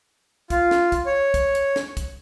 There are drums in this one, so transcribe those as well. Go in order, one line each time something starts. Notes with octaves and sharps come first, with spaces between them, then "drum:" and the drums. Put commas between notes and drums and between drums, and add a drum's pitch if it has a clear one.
F4, drum: kick, hi-hat
drum: snare
drum: kick, hi-hat
C#5
drum: kick, hi-hat
drum: hi-hat
drum: snare
drum: kick, hi-hat